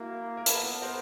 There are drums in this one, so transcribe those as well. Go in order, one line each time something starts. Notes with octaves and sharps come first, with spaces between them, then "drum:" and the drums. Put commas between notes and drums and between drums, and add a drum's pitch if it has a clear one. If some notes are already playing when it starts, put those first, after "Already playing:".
Already playing: A#3 E4 F#4
A#4
B3 A4 B4, drum: hi-hat
A#4 C5